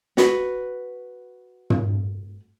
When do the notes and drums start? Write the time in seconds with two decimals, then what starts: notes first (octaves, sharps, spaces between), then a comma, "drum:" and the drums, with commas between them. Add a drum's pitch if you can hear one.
0.17 F#4 B4, drum: snare
1.70 drum: tom